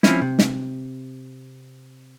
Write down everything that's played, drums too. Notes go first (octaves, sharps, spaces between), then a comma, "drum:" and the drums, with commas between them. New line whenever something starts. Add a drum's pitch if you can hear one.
F3 C4 C#4 E4, drum: snare
C3
drum: snare